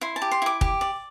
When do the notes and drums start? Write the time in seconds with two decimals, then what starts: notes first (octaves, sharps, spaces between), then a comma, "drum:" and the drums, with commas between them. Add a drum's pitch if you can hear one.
0.01 E4 C6
0.16 A5
0.22 G4
0.31 C6
0.42 E4 D6
0.61 G4, drum: kick
0.81 D5